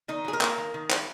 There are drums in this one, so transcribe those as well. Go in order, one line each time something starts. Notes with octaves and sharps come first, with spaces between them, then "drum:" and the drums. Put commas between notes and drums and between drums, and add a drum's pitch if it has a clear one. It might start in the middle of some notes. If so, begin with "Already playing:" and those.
D#3 D#4
F#3 G#4
A#4
A#3, drum: clap
D#3
D#3
F#3, drum: clap